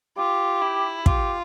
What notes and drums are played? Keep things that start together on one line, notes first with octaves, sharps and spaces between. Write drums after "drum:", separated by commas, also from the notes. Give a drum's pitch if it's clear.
F4 G4
E4
F4 G4, drum: kick